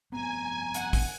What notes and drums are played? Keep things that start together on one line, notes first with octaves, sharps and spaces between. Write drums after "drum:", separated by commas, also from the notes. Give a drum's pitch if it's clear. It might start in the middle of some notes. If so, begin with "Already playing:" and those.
F1 G2 B3 G#5 A#5
F#5, drum: hi-hat
drum: kick, open hi-hat